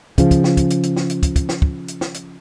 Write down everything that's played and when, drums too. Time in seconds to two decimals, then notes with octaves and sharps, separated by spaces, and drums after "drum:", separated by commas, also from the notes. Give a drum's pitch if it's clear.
0.18 C#3 F3, drum: kick, hi-hat
0.31 drum: kick, hi-hat
0.44 drum: snare
0.57 drum: kick, hi-hat
0.70 drum: hi-hat
0.83 drum: hi-hat
0.97 drum: snare
1.10 drum: hi-hat
1.23 drum: kick, hi-hat
1.36 drum: kick, hi-hat
1.49 drum: snare
1.62 drum: kick
1.88 drum: hi-hat
2.01 drum: snare
2.14 drum: hi-hat